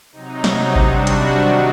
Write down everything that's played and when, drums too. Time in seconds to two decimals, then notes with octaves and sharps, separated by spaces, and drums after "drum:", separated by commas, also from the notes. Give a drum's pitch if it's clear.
0.13 C3 F#3 D#4
0.44 drum: snare
0.76 C3 G3 D4 F#4, drum: kick G#1
1.07 drum: hi-hat
1.38 C3 D#3 F#3 D#4